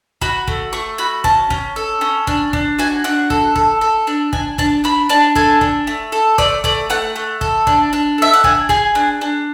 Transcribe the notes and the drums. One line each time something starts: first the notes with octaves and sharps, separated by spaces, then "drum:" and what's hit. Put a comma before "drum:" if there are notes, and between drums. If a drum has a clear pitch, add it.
F#4 B5, drum: kick
A3, drum: kick
A3 C#6
F#4 B5
C#4 A5, drum: kick
C#4, drum: kick
A4
C#4
D4, drum: kick
D4, drum: kick
F#4 G#5
D4 F#5
A4, drum: kick
A4, drum: kick
A4
D4
D4 G#5, drum: kick
D4 A5, drum: kick
D4 B5
D4 A5
A4 G#5, drum: kick
D4, drum: kick
A3
A4
A3 D5, drum: kick
A3 D5, drum: kick
A3 F#5
A3
A4, drum: kick
D4, drum: kick
D4
A4 E5
F#5
D4 G#5, drum: kick
G#4 G#5, drum: kick
D4
D4